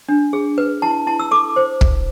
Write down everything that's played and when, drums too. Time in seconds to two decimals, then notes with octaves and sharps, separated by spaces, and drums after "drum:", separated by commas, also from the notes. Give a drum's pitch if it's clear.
0.09 D4
0.33 G#4
0.58 B4
0.82 E4 A5
1.07 E4 A5
1.20 E6
1.31 A4 D6
1.56 C5
1.81 drum: kick